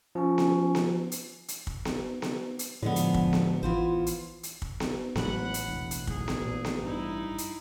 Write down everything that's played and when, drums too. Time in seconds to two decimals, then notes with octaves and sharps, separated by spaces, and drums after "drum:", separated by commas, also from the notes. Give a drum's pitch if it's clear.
0.15 F3 C#4 G#5 C#6
0.38 drum: snare B3
0.75 drum: snare B3
1.12 drum: hi-hat
1.48 drum: hi-hat
1.67 drum: kick
1.85 drum: snare B3
2.22 drum: snare B3
2.59 drum: hi-hat
2.82 A2 D3 F3 G#3 B3
2.96 drum: hi-hat
3.14 drum: kick
3.33 drum: snare B3
3.63 A1 E3 B3 F4 C5
4.06 drum: hi-hat
4.43 drum: hi-hat
4.62 drum: kick
4.80 drum: snare B3
5.16 A1 A2 F#3 G#3 F#5 B5, drum: snare B3
5.54 drum: hi-hat
5.68 E1
5.91 drum: hi-hat
6.07 B1 A2 G#4, drum: kick
6.28 drum: snare B3
6.41 A#2
6.65 drum: snare B3
6.83 G2 D#4 E4
7.38 drum: hi-hat